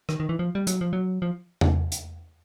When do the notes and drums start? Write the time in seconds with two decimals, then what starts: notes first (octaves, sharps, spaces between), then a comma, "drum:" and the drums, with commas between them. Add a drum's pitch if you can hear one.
0.09 D#3, drum: rim click
0.20 D#3
0.29 E3
0.39 F3
0.55 G3
0.67 F#3, drum: hi-hat
0.81 F3
0.93 F#3
1.22 F3
1.61 drum: tom E2
1.92 drum: hi-hat